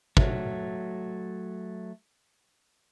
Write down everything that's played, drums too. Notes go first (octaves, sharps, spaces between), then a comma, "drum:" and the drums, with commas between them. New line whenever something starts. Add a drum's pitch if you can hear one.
F#3 A3, drum: kick